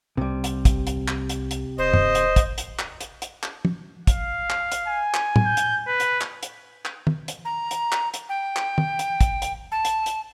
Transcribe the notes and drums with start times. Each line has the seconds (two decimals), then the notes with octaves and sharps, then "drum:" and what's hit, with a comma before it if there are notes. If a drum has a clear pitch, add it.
0.17 C2 C3 G3
0.44 drum: hi-hat
0.65 drum: kick, hi-hat
0.87 drum: hi-hat
1.08 drum: clap
1.29 drum: hi-hat
1.51 drum: hi-hat
1.78 D#1 C5 D#5
1.94 drum: tom F#2
2.15 drum: hi-hat
2.36 drum: kick, hi-hat
2.58 drum: hi-hat
2.79 drum: clap
3.00 drum: hi-hat
3.22 drum: hi-hat
3.43 drum: clap
3.65 drum: tom
4.07 F5, drum: kick, hi-hat
4.50 drum: clap
4.72 drum: hi-hat
4.88 G#5
5.14 drum: clap
5.36 drum: tom
5.46 G6
5.57 drum: hi-hat
5.87 B4
6.00 drum: hi-hat
6.21 drum: clap
6.43 drum: hi-hat
6.85 drum: clap
7.07 drum: tom
7.28 drum: hi-hat
7.45 A#5
7.71 drum: hi-hat
7.92 drum: clap
8.14 drum: hi-hat
8.29 G5
8.56 drum: clap
8.78 drum: tom
8.99 drum: hi-hat
9.21 drum: kick, hi-hat
9.42 drum: hi-hat
9.72 A5
9.85 drum: hi-hat
10.06 drum: hi-hat